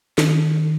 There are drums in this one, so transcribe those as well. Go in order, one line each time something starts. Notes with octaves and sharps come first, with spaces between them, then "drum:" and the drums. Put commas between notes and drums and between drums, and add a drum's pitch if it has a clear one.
D#3, drum: snare